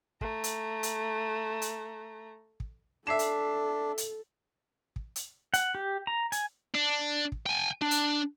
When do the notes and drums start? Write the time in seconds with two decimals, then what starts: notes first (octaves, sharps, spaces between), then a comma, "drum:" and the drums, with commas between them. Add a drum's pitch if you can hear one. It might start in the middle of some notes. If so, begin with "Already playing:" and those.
0.21 A3 A#5, drum: kick
0.44 drum: hi-hat
0.83 drum: hi-hat
1.62 drum: hi-hat
2.60 drum: kick
3.07 D4 A4 E5 C7 E7
3.19 drum: hi-hat
3.98 drum: hi-hat
4.96 drum: kick
5.16 drum: hi-hat
5.54 F#5, drum: hi-hat
5.75 G4
6.07 A#5
6.32 G#5, drum: hi-hat
6.75 D4
7.32 drum: kick
7.46 G5 G#5
7.81 D4
7.91 drum: hi-hat